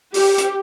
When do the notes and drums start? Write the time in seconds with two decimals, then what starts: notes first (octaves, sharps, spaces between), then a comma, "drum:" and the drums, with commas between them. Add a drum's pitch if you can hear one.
0.14 G4, drum: open hi-hat
0.38 drum: hi-hat